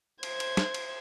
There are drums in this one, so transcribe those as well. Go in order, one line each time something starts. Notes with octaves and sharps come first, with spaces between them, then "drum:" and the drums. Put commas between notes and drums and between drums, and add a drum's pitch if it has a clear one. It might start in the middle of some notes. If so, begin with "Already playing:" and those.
C5 G#6, drum: cymbal
drum: cymbal
drum: snare
drum: cymbal